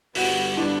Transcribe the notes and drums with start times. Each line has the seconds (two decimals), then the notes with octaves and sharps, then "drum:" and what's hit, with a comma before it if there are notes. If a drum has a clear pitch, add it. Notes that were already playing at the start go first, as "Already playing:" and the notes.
0.15 G2 D3 G3 B3 F#4, drum: open hi-hat
0.57 D4